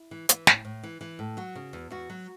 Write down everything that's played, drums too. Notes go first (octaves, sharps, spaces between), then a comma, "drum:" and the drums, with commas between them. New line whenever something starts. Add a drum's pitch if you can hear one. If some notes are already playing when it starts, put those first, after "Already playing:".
Already playing: E4
E3
E3, drum: hi-hat
A2, drum: snare
A2
E3
E3
A2
F#3 F#4
C#3
E2
E2 F#4
F#3